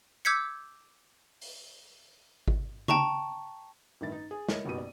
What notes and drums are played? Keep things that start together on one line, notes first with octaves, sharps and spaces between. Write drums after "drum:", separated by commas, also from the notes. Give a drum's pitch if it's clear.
D6 E6 G6 G#6 B6 C#7
drum: open hi-hat
drum: kick G#1
G5 A5 A#5 C#6, drum: tom C#3
A1 G2 D#3 E4 A6
D#4
G#4
E4 A#4 C#5 D#5, drum: snare
F#1 B1 B3 F#4 G4 D#7
D5